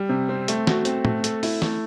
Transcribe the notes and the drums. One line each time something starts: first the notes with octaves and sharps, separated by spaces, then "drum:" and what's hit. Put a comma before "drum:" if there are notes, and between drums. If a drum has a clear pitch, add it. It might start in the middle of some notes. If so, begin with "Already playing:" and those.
Already playing: G3
C3
C4
A3, drum: hi-hat
F#4, drum: snare
C4, drum: hi-hat
A3, drum: tom
A4, drum: hi-hat
E4, drum: open hi-hat
A3, drum: snare